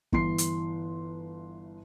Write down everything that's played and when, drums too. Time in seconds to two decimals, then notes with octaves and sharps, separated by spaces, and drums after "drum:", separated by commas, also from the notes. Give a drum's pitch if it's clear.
0.12 G1 E3 C6 C7, drum: kick
0.38 drum: hi-hat